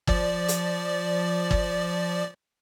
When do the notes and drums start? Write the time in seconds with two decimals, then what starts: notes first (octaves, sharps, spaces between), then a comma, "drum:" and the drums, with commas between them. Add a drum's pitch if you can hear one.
0.07 F3 D5, drum: kick
0.48 drum: hi-hat
1.51 drum: kick